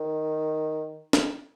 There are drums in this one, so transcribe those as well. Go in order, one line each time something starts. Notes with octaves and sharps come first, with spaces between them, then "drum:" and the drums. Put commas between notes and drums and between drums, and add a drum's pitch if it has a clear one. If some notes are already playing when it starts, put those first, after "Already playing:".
Already playing: D#3
drum: snare